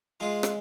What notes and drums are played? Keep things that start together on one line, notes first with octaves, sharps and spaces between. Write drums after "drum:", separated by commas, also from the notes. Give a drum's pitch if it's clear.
G#3 F4 G#4
drum: rim click